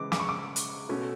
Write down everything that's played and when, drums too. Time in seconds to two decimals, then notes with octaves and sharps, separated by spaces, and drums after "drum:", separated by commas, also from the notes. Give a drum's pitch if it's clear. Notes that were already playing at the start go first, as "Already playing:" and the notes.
Already playing: C#3 E3 G#3 D6
0.12 D6, drum: snare
0.20 C#6
0.29 D6
0.56 drum: hi-hat
0.89 B2 A3 C#4